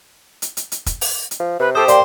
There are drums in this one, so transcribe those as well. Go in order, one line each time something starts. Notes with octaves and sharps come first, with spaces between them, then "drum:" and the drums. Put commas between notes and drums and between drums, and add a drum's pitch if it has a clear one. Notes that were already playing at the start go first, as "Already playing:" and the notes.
drum: hi-hat
drum: hi-hat
drum: hi-hat
drum: kick, hi-hat
drum: open hi-hat
drum: hi-hat
F3
C3 B4
G4 A4 C5 D#6
A#3 D5 G5 C6, drum: hi-hat